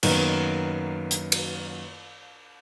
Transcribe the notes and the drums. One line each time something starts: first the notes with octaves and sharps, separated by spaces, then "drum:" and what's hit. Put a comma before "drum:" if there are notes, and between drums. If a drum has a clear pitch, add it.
F#2 D#3 A#3 B3, drum: cymbal
drum: hi-hat
drum: cymbal